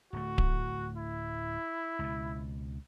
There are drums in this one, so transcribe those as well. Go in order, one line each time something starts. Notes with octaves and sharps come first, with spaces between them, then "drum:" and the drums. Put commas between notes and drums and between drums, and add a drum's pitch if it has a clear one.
D1 A3 F#4
drum: kick D1
E4
C#2 B2